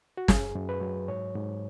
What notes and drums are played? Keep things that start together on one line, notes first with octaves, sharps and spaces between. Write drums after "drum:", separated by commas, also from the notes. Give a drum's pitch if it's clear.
F#4
F#2 G#4, drum: snare
F#2
B4
F#3
G#2 C#5
G#2